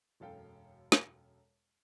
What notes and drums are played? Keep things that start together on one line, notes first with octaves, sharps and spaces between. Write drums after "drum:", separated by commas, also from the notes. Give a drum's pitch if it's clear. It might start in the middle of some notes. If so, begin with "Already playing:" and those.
E1 F#2 A4 F5 G5
drum: snare